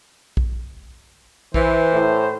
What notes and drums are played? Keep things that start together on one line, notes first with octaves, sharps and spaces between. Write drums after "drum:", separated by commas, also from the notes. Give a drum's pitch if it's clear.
drum: kick
E3 C5, drum: kick
A2